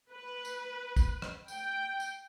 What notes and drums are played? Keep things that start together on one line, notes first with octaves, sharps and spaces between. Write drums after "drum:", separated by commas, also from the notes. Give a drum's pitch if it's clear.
B4
drum: tambourine
drum: kick, tambourine
drum: rim click
G5, drum: tambourine
drum: tambourine